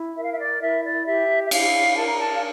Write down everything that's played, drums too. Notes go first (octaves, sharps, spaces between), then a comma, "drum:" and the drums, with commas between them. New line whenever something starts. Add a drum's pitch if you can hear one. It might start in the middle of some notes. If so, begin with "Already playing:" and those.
Already playing: E4
A#4 E5
F5
E5
D5
E4 E5
D5
G4 E5
E5
E4 F5, drum: cymbal
A#4 A5
A#5
A5
F5